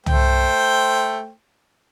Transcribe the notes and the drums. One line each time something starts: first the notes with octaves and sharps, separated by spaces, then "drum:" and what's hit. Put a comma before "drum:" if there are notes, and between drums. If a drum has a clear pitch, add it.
A3 C5 G5, drum: tom